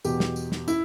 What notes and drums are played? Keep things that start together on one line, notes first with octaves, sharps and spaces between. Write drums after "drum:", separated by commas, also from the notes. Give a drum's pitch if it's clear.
E2 B2 G4, drum: tambourine
drum: snare
drum: tambourine
drum: snare
E4, drum: tambourine